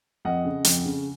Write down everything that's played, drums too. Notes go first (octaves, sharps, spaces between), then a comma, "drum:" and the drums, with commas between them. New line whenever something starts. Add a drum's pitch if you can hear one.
F2 D#5 F#5
C#3
F2, drum: hi-hat
C#3